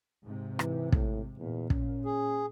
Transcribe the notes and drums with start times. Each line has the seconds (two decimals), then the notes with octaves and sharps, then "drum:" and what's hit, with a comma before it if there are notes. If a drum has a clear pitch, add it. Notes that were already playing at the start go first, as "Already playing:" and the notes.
0.24 G#2 C3
0.59 E3, drum: rim click
0.92 A2, drum: kick
1.38 E2 A#2
1.70 C#4, drum: kick
2.05 G#4